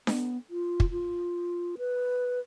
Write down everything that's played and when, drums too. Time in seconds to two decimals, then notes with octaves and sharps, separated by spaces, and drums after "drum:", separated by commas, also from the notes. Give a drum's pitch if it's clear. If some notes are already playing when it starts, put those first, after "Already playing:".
0.07 B3, drum: snare D4
0.50 F4
0.80 drum: kick
0.91 F4
1.78 B4